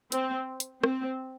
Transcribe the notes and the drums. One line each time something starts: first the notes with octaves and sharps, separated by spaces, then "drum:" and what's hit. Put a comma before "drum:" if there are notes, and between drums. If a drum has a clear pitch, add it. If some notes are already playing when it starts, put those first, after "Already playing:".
C4, drum: hi-hat
drum: hi-hat
C4, drum: rim click